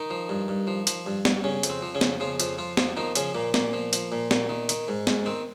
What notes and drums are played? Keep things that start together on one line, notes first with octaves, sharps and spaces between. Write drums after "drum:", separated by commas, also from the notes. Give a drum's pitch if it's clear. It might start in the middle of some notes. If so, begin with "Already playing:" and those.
Already playing: D#3 D#4
F3
G2
G2
F3
F3, drum: hi-hat
G2
G2, drum: snare
C#3 C#4
F2, drum: hi-hat
C4
F3
C#3 C#4
F2, drum: snare
C#3 F3 F4
F2 F3 F4, drum: hi-hat
F3 F4
F2 F3 F4, drum: snare
D#3 F3 D#4
C#3 F3 C#4, drum: hi-hat
A#2 A#3
A#2 A#3, drum: snare
F3
F3, drum: hi-hat
A#2
A#2, drum: snare
D#3
D#3, drum: hi-hat
G#2
G#2, drum: snare
D#3 C4